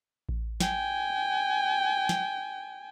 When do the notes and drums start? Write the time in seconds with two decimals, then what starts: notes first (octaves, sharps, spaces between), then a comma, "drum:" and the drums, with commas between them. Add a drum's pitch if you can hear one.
0.29 drum: kick A1
0.60 G5 G#5, drum: snare
2.09 drum: snare